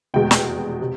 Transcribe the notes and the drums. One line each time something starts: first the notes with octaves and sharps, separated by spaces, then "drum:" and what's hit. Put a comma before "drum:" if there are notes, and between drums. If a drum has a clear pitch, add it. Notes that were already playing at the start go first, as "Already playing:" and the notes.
F1 E2 B2 G#3 G5
drum: snare
C3